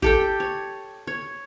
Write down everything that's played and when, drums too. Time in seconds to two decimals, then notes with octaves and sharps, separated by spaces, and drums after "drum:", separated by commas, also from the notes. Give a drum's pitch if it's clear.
0.02 G4 A4 G5, drum: kick
0.40 C#5
1.07 C#5